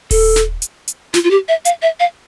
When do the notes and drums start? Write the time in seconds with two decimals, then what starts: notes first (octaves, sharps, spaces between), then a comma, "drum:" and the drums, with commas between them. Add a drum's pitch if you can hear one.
0.11 A4, drum: kick D#1, open hi-hat
0.36 drum: snare
0.62 drum: hi-hat
0.88 drum: hi-hat
1.14 F4, drum: snare
1.24 F4
1.31 G4
1.48 E5
1.65 F5, drum: hi-hat
1.82 E5
2.00 F5